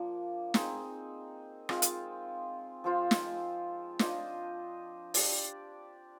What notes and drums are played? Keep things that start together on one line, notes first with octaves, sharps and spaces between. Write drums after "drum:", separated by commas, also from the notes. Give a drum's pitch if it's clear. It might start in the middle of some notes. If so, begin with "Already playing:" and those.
Already playing: F3 A#3 D4
C4 D#4 G#4, drum: snare
G#3 C4 F4, drum: rim click
drum: hi-hat
F3 C4 F4 C5
drum: snare
D4 F4 C5 D#5, drum: snare
D4 G4 D5, drum: open hi-hat